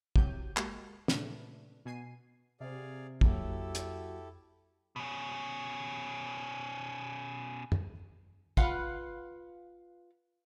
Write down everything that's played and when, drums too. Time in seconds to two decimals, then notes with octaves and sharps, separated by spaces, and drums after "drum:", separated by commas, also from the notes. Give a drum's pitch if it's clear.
0.16 A2 C3 F#3 G4 G6 D#7, drum: kick
0.57 G#3 A#3 F#4 G4, drum: clap
1.08 A#2 C#3 A3 D4 B4, drum: snare
1.85 B2 G#5 C7 D#7
2.60 C3 G#4 D5 F5
3.21 F2 F#3 A#3 E4 G4 A4, drum: kick
3.75 drum: hi-hat
4.96 B2 C#4
7.72 drum: tom
8.57 F4 B4 F5 F#5, drum: kick